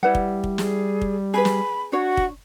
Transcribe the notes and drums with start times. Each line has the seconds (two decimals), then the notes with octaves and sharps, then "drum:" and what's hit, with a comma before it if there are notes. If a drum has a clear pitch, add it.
0.03 G3 E4 B4 F#5
0.15 drum: kick
0.44 drum: kick
0.58 G#4, drum: snare
1.02 drum: kick
1.34 G#4 B4 B5
1.45 drum: snare
1.92 D4 F#4 C#5
2.17 drum: kick